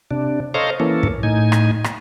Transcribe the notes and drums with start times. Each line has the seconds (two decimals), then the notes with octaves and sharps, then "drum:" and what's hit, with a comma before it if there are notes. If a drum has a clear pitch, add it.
0.11 C3 D4
0.54 A4 C5 C#5 D#5 F5 A#5
0.80 E3 A#3 C#4 A4
1.03 drum: kick
1.23 A2 D#4 G#5
1.52 drum: rim click
1.84 drum: rim click